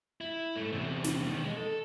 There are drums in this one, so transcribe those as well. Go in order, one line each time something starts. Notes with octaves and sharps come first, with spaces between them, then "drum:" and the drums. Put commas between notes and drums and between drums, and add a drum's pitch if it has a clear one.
E4
G#2 A3
E2 C3
drum: snare
B2 D#3
G#3 D#5
A4